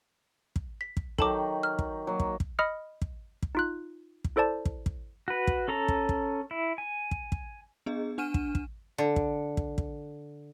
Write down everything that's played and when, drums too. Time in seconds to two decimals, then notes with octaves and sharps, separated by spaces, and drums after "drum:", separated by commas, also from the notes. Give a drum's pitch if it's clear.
0.56 drum: kick
0.81 B6
0.97 drum: kick
1.18 D#3 F#3 G4 A4 A5 D6, drum: kick
1.63 F6
1.79 drum: kick
2.07 F#3 A#3
2.20 drum: kick
2.40 drum: kick
2.59 D#5 B5 D#6 F6 C#7
3.02 drum: kick
3.43 drum: kick
3.55 D#4 F4 F#6
4.24 drum: kick
4.36 E4 A4 C5 D5 A5
4.65 drum: kick
4.86 drum: kick
5.28 F#4 B4
5.47 drum: kick
5.68 C#4 A4 A#5
5.88 drum: kick
6.09 drum: kick
6.51 E4
6.78 G#5
7.11 drum: kick
7.32 drum: kick
7.86 B3 D4 G#4 D#5
8.18 D4 F#5 G#5 F6 D#7 E7
8.34 drum: kick
8.55 drum: kick
8.98 D3
9.16 drum: kick
9.57 drum: kick
9.78 drum: kick